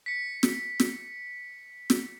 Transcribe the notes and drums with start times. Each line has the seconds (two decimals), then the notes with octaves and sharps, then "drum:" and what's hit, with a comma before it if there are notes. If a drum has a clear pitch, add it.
0.06 B6 C#7
0.43 drum: snare
0.80 drum: snare
1.90 drum: snare